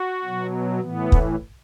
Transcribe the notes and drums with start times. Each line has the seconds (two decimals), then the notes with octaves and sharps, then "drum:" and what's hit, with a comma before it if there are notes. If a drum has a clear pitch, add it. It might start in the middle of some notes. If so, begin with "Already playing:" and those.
Already playing: F#4
0.24 B2 F#3
0.80 A2 E3 B3
1.12 drum: kick